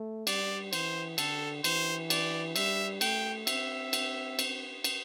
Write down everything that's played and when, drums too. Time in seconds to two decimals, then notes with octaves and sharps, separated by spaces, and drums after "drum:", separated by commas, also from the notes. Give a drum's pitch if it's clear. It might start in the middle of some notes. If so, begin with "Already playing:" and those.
Already playing: A3
0.27 G3 D5, drum: cymbal
0.73 E3 C5, drum: cymbal
1.18 D3 A4, drum: cymbal
1.64 E3 C5, drum: cymbal
2.10 D5, drum: cymbal
2.56 G3 E5, drum: cymbal
3.01 A3 G5, drum: cymbal
3.47 C4 E5, drum: cymbal
3.93 drum: cymbal
4.39 drum: cymbal
4.84 drum: cymbal